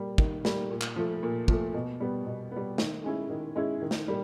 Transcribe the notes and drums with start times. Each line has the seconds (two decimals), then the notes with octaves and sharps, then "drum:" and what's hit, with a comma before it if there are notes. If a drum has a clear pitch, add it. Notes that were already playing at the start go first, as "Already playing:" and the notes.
Already playing: G3 A#3
0.18 D#3, drum: kick
0.45 G3 A#3, drum: snare
0.71 A#2
0.81 drum: clap
0.96 F3 A3
1.23 A#2
1.48 F3 A3, drum: kick
1.74 B2
2.00 G3 B3
2.26 B2
2.52 G3 B3
2.78 D#3, drum: snare
3.04 G#3 C#4 E4
3.29 D#3
3.56 G#3 C#4 E4
3.82 D#3
3.91 drum: snare
4.08 G3 A#3